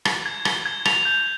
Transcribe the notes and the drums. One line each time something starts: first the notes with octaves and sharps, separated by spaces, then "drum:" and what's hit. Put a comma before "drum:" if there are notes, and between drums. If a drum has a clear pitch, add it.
C7, drum: rim click
G#6
G7, drum: rim click
G#6
F7, drum: rim click
G6